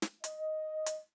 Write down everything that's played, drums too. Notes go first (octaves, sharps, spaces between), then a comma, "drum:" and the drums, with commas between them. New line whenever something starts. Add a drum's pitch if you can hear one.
drum: snare
D#5, drum: hi-hat
drum: hi-hat